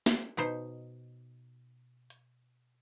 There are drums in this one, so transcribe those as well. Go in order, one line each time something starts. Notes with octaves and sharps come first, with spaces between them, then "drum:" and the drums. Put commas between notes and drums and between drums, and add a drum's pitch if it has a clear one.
drum: snare
B2 D#4 C5
drum: hi-hat